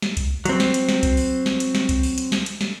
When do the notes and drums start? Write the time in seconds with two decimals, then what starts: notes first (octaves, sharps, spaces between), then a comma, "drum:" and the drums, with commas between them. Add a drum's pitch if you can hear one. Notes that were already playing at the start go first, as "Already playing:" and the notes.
0.02 drum: snare
0.17 drum: kick C2, hi-hat
0.45 F#3 C4, drum: hi-hat
0.60 drum: snare
0.74 drum: hi-hat
0.89 drum: snare
1.03 drum: kick C2, hi-hat
1.17 drum: open hi-hat
1.46 drum: snare
1.60 drum: hi-hat
1.75 drum: snare
1.89 drum: kick C2, hi-hat
2.03 drum: open hi-hat
2.18 drum: hi-hat
2.32 drum: snare
2.46 drum: hi-hat
2.61 drum: snare